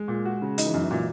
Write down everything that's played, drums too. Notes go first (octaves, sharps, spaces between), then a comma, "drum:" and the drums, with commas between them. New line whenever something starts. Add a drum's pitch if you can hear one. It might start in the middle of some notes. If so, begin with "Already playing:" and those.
Already playing: G#3
A#2
F#4
C#3
F#3 D#4, drum: hi-hat
E3
F#2
E3
A#2 F#3